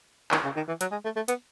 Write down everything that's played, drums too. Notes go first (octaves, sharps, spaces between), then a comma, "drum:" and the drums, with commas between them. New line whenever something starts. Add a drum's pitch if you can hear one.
D#3, drum: clap
C#3
D#3
E3
F#3, drum: hi-hat
G#3
A3
A3
B3, drum: hi-hat